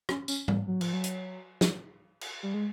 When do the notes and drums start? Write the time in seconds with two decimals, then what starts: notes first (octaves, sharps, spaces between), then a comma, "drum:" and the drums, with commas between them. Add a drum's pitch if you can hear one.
0.09 C#4, drum: rim click
0.28 C#4, drum: tambourine
0.48 G3, drum: tom G#2
0.67 F#3
0.81 F3, drum: cymbal
0.93 F#3
1.04 drum: hi-hat
1.61 drum: snare
2.21 drum: cymbal
2.43 G3
2.54 G#3